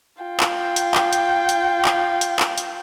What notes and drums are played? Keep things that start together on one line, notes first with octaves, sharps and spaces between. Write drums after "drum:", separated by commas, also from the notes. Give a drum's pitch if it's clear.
F4 G5
drum: clap
drum: hi-hat
drum: clap
drum: hi-hat
drum: hi-hat
drum: clap
drum: hi-hat
drum: clap
drum: hi-hat